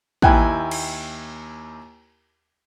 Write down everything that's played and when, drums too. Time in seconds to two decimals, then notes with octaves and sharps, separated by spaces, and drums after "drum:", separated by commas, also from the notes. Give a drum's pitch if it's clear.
0.22 D#2 E4 G5 G#5 F#6, drum: kick
0.71 drum: cymbal